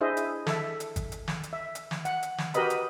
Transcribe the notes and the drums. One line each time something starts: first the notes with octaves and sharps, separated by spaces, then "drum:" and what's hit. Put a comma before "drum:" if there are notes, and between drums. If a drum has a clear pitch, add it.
D4 E4 G#4 C5 D#5 E5
drum: hi-hat
A4 E5, drum: snare
drum: hi-hat
drum: kick G#1, hi-hat
drum: hi-hat
drum: snare
drum: hi-hat
E5
drum: hi-hat
drum: snare
F#5, drum: hi-hat
drum: hi-hat
drum: snare
F#4 G4 A#4 B4 D#5 B5, drum: hi-hat
drum: hi-hat